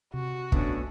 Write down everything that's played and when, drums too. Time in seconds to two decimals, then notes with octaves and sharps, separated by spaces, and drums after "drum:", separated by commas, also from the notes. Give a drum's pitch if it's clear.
0.14 C3 F#4
0.52 B2 A3 C#4 D4, drum: kick